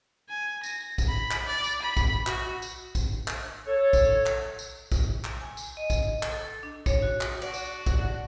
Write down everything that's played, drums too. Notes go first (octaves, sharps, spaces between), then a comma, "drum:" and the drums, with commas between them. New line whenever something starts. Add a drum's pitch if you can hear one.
G#5
A#6, drum: tambourine
drum: kick A#1, tambourine
B5
drum: clap
D5
drum: tambourine
B5
drum: kick A#1, tambourine
F#4, drum: clap
drum: tambourine
drum: kick A#1, tambourine
drum: clap
A4 C#5
drum: kick A#1, tambourine
drum: clap
drum: tambourine
drum: kick A#1, tambourine
drum: clap
G#5
drum: tambourine
D#5
drum: kick A#1, tambourine
drum: clap
A4
D4
C#5, drum: kick A#1, tambourine
F#4
drum: clap
D4 F#4
drum: tambourine
drum: kick A#1, tambourine